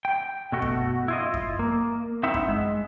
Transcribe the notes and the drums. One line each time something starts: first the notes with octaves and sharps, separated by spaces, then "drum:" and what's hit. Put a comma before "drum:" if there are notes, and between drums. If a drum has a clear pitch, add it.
G5
B2 A3 F#4
drum: kick F#2
E4 F4 D#5
drum: kick F#2
A#3
C4 D#4 E4 E5 F#5
drum: kick F#2
G#3